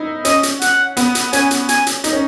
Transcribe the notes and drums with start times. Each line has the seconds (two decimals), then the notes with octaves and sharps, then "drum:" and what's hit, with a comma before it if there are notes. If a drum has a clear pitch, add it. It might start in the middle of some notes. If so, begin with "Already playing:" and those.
Already playing: D#4 E4
0.25 C#4 D#5, drum: hi-hat
0.43 drum: hi-hat
0.61 F#5, drum: hi-hat
0.97 B3, drum: hi-hat
1.15 drum: hi-hat
1.33 C#4 G#5, drum: hi-hat
1.51 drum: hi-hat
1.69 G#5, drum: hi-hat
1.87 drum: hi-hat
2.04 D#4, drum: hi-hat
2.13 C#4